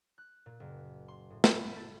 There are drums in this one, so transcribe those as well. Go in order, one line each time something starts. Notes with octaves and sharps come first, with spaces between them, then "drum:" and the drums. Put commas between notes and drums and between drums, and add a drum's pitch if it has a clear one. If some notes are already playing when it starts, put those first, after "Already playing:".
F#6
A#2
F#1
C6
A2
drum: snare
B5
A4